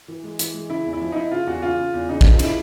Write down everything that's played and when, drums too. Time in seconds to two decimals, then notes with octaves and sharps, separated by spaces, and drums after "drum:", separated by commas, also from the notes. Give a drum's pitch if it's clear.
0.08 E3
0.24 G#3
0.39 E3, drum: hi-hat
0.54 G#3
0.69 C#3 E4
0.86 E2
0.93 E4
1.01 F3
1.12 D#4
1.16 F3 E4
1.31 C#3 F4
1.47 E2 F#4
1.62 C#3 F4
1.79 C#3
1.94 E2
2.09 C#3 D#4
2.21 F3 D4, drum: kick
2.32 D#4
2.39 C#3 E4, drum: cymbal